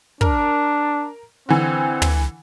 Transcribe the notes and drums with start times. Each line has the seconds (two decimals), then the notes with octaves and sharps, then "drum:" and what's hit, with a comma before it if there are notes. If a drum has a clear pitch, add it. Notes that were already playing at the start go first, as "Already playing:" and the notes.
0.21 D4 A#4, drum: kick
1.49 D3 E3 C4
2.02 drum: tom